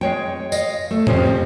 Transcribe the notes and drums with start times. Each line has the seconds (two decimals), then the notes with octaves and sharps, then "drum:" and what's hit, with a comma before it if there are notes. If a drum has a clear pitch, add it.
0.01 G#3 C#5 G5
0.52 D#5 F5, drum: tambourine
0.91 A3
1.07 F2 C#3 F3 G3 C#4, drum: tom A2
1.26 C4